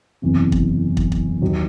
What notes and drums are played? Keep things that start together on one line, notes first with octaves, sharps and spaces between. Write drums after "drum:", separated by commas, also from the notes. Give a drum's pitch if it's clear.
F#1 E2 C3
drum: kick
drum: kick
drum: kick
D#2 D#3 F#3